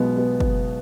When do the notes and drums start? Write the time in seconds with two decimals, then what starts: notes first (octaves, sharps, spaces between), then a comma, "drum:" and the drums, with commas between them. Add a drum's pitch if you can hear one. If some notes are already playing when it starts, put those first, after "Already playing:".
Already playing: B1 B2 G#3 B3
0.17 B3
0.40 drum: kick